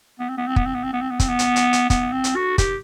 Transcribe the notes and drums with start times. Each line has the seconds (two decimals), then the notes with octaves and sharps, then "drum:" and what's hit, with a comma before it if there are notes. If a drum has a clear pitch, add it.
0.20 B3
0.29 C4
0.38 B3
0.47 C4
0.56 B3, drum: kick
0.65 C4
0.74 B3
0.83 C4
0.93 B3
1.01 C4
1.11 B3
1.20 C4, drum: kick, hi-hat
1.29 B3
1.39 drum: hi-hat
1.56 drum: hi-hat
1.73 drum: hi-hat
1.90 B3, drum: kick, hi-hat
2.12 C4
2.24 drum: hi-hat
2.36 F#4
2.58 G4, drum: kick, hi-hat